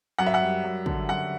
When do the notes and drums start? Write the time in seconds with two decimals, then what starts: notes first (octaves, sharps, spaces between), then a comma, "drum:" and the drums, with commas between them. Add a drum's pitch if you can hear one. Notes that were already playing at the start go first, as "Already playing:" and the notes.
0.18 F#2 F#5
0.26 E5
0.34 F#5
0.41 G3
0.64 F#2
0.86 D3, drum: kick
1.09 F#2 F#5